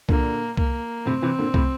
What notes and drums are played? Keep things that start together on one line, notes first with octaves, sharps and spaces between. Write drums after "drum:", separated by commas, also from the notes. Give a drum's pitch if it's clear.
A#2 D3 A#3, drum: kick C2
A#3, drum: kick C2
A2 C3 C4
C3 E3
A#2 D3
A2 C3, drum: kick C2